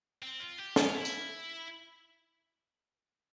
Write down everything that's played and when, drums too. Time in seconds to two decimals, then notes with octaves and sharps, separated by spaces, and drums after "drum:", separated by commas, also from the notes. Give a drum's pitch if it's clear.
0.22 C4
0.40 F4
0.58 G4
0.76 F4, drum: snare
0.95 E4
1.05 drum: tambourine